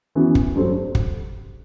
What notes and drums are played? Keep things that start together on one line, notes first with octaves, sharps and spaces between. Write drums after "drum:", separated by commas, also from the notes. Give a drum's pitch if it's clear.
F#2 E3 B3 F#4
drum: kick
G2 F#3 A3 C4
drum: kick